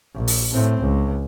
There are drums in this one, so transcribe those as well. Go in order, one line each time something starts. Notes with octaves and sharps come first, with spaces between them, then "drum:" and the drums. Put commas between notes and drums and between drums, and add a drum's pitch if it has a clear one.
A#1
drum: open hi-hat
A2 C4
C#2